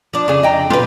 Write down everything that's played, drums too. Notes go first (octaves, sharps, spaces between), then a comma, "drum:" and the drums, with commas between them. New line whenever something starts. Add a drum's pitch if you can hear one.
F3 D4
F2 C#3 D4 G#4
D#5 G5 A#5
F4 G4 B4, drum: tom